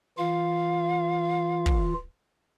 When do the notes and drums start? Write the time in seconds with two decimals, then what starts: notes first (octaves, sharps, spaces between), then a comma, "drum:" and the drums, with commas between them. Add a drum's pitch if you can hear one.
0.18 E3 F4 F5
1.66 drum: kick